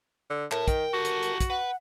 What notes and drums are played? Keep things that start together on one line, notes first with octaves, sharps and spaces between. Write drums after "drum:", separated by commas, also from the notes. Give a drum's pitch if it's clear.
D3
A2 A3 A#4, drum: clap
D#3 G5, drum: kick, hi-hat
F#4 G4 A4
drum: hi-hat
drum: hi-hat
drum: kick, hi-hat
B4 F#5